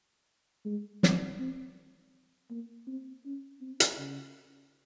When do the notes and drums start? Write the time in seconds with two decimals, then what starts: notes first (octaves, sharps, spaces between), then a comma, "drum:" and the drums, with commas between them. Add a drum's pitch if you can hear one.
0.65 G#3
1.03 C4, drum: snare
1.39 C4
2.50 A#3
2.87 C4
3.25 C#4
3.61 C4
3.80 drum: hi-hat
3.98 C#3